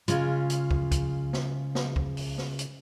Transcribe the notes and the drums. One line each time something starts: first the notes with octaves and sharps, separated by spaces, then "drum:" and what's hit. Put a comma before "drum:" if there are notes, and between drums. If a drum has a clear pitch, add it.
C#3 G#3 F4, drum: hi-hat
drum: hi-hat
drum: kick
drum: kick, hi-hat
drum: snare
drum: snare
drum: kick
drum: open hi-hat
drum: snare
drum: hi-hat